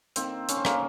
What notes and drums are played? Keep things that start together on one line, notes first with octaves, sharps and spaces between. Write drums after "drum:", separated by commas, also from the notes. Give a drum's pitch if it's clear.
D#3 A#3 C4, drum: hi-hat
C#4, drum: hi-hat
C4
A#3 C#4, drum: rim click